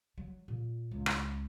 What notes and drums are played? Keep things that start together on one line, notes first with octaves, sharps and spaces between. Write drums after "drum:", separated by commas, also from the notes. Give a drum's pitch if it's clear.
F#3
A#2
C#2
drum: rim click